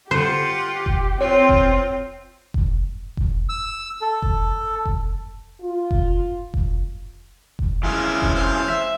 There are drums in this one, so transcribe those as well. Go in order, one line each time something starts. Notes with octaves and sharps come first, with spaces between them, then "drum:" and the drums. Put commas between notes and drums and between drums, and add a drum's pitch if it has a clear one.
F4 G4 C5 F#5
drum: kick F1
C4 F4 C#5
drum: kick F1
drum: kick F1
drum: kick F1
E6
A4
drum: kick F1
drum: kick F1
F4
drum: kick F1
drum: kick F1
drum: kick F1
E3 G#3 C#4 E4 F4
drum: kick F1
C5 F5
E5